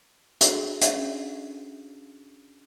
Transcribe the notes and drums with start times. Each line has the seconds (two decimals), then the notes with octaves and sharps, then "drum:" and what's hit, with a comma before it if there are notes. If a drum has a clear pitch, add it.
0.41 D4 F#4 G#4 A4, drum: hi-hat
0.81 drum: hi-hat
0.91 C#4 D4